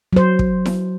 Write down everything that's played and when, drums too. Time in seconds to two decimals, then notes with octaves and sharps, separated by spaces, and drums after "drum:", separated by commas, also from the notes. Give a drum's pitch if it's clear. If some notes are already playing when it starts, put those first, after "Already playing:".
0.13 F#3 C5
0.39 drum: kick
0.66 drum: snare E4